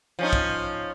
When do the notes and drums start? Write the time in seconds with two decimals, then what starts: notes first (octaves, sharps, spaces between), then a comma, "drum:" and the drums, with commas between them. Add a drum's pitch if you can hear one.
0.19 F3 C#4 D#4
0.33 drum: kick